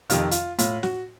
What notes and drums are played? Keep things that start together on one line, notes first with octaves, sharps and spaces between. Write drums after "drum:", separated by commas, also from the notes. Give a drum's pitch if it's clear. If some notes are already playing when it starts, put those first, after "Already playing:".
F2 C3 D#3 F4, drum: hi-hat
F4, drum: hi-hat
A2 F4, drum: hi-hat
F#4, drum: snare